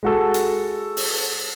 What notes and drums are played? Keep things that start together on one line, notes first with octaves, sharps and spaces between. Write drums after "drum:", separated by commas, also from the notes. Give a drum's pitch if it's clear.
G#3 F#4 A4
drum: hi-hat
drum: open hi-hat